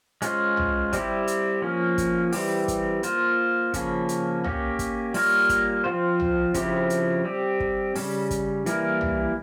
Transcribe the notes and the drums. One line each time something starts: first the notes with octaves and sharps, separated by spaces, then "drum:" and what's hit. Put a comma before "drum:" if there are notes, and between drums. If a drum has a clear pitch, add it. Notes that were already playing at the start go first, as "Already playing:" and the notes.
G#3 C#4 F4 C5, drum: hi-hat
drum: tom C2
G3 C4 E4 G4, drum: kick, hi-hat
drum: hi-hat
F3 A#3 C#4
drum: kick, hi-hat
E3 G3 C4 G4, drum: open hi-hat
drum: kick, hi-hat
A#3 F4 C5, drum: hi-hat
C#3 F3 A#3 C#4, drum: kick, hi-hat
drum: hi-hat
A#3 C#4 G4, drum: tom C2
drum: kick, hi-hat
G3 A#3 F4 A#4 C#5, drum: open hi-hat
drum: kick, hi-hat
F3 C4 F4 C5
drum: tom C2
C#3 F3 C4 E4 G4, drum: kick, hi-hat
drum: hi-hat
G3 C4 G4
drum: kick
C#3 G3 C#4, drum: open hi-hat
drum: kick, hi-hat
E3 G3 A#3 E4 A#4, drum: hi-hat
drum: tom C2